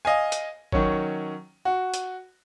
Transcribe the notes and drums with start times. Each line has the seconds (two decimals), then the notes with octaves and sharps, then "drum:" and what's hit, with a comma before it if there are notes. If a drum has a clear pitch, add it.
0.05 D#5 F5 G#5
0.32 drum: hi-hat
0.72 D#3 F#3 C#4, drum: kick G#1
1.65 F#4
1.94 drum: hi-hat